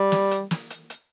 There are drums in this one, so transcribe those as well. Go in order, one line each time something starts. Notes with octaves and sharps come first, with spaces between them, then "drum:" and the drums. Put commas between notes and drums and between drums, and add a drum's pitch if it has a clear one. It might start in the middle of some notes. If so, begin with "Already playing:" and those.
Already playing: G3
drum: snare
drum: hi-hat
drum: snare
drum: hi-hat
drum: hi-hat